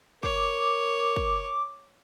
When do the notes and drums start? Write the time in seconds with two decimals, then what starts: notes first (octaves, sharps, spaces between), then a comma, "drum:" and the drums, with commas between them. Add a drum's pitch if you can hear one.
0.23 A#4 C#5 D6, drum: kick
1.16 drum: kick